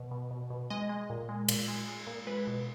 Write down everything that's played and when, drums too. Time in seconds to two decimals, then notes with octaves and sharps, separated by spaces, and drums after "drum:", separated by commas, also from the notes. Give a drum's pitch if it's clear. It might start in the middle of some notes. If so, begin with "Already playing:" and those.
Already playing: B2
0.11 B2
0.31 B2
0.50 B2
0.70 G#3 D#5
0.89 G#3
1.10 A#2
1.29 G#3
1.49 A#2, drum: cymbal
1.68 G#3
1.88 G#3
2.07 A#2
2.27 G#3 B4
2.47 B2